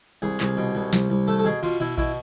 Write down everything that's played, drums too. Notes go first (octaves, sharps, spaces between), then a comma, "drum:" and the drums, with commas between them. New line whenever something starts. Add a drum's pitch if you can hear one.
C2 G#4
C2, drum: clap
B2
C2
C2, drum: snare
C2
A3 A4
A4
B2 G#4
B2 F4, drum: cymbal
B2 E4
B2 E4, drum: kick A#1